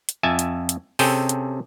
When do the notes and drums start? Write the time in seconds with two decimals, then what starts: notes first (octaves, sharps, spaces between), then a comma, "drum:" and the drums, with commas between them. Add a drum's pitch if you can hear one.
0.09 drum: hi-hat
0.23 F2 E5 G#5 A5
0.39 drum: hi-hat
0.69 drum: hi-hat
0.99 C3 C#4 G#4 A4 G5, drum: open hi-hat
1.29 drum: hi-hat